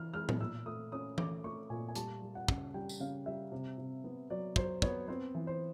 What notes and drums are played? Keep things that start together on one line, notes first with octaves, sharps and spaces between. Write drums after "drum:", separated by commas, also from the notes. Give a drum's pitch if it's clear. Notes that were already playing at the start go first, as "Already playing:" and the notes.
Already playing: E3 F6
G#3 F6
drum: tom
A#2 E6
A3 D#6
C#4 D#6
A3 D6, drum: tom E3
A3 C#6
A#2 G#5
G#5
G3 A5, drum: hi-hat
G3
F#5
C#3, drum: kick
G3 G5
drum: tambourine
C#3 F5
G3 E5
C3
C3
B3
F#3 D5
F#3 C5, drum: kick
B3 C#5, drum: kick
C4 C5
E3
C5